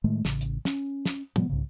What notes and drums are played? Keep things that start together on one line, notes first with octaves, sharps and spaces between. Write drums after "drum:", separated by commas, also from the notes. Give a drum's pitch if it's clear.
A2 D#3 G#3 A3
A1 C#3, drum: snare
drum: hi-hat
C#4, drum: snare
drum: snare
C3 F3 G3 B3, drum: tom
C2 G#2 C#3